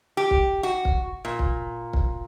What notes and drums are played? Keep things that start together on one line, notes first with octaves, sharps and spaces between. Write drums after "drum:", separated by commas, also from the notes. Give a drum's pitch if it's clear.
G4
drum: kick
F#4
drum: kick
A#2
drum: kick
drum: kick